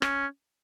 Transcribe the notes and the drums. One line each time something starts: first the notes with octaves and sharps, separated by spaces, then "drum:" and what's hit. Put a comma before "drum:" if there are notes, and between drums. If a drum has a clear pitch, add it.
C#4, drum: rim click